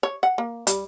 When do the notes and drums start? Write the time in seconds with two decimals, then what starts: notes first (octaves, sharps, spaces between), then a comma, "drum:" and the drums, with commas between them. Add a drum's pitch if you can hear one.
0.03 C#5
0.23 F#5
0.38 A#3
0.67 G3, drum: hi-hat